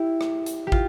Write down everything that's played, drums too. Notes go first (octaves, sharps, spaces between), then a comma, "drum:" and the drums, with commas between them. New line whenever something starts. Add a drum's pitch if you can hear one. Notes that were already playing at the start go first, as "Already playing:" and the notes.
Already playing: E4 G4
drum: rim click
drum: hi-hat
G4
F4, drum: kick